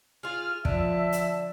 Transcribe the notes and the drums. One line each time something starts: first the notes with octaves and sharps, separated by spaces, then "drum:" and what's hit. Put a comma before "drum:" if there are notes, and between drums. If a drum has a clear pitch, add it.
F4 G#4 F6
D3 F3 E5 A5, drum: kick
drum: hi-hat